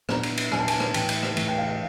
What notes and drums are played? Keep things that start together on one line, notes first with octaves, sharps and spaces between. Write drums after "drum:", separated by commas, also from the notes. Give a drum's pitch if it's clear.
A#2 F#3 B3 D4 A#5, drum: rim click
drum: cymbal
drum: cymbal
A#2 F#3 B3 D4 G#5, drum: rim click
A5
G#5, drum: cymbal
drum: rim click
A2 E3 A3 G5, drum: cymbal
drum: cymbal
drum: rim click
A2 E3 A3, drum: cymbal
G5
F5
F5